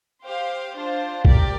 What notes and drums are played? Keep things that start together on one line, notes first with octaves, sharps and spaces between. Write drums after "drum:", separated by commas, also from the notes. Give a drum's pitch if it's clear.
G4 C5 F5
D4 F4 C5
G4 A#4 D5 G5, drum: kick